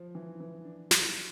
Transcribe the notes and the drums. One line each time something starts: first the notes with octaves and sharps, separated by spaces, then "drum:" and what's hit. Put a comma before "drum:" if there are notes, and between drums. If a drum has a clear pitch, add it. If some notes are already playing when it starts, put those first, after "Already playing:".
Already playing: F3
E3
E3
D4
drum: snare